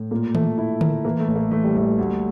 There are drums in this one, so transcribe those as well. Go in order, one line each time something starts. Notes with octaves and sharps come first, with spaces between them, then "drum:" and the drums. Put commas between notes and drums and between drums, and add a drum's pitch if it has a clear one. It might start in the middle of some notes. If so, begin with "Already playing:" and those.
Already playing: A2
A#2 A#3
A3, drum: tom D#3
E4
A#4, drum: tom D3
E3 A#3
A3
A1
A#3
E3 A3
G3
A1 A3
D2